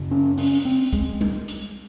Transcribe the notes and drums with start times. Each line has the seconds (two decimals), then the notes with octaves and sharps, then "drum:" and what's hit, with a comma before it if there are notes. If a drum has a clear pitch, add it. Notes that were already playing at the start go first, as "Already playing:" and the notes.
Already playing: F#2 C#3
0.11 C#4
0.38 C#4, drum: open hi-hat
0.65 C4
0.93 G#3, drum: kick, hi-hat
1.21 drum: tom G3
1.48 drum: hi-hat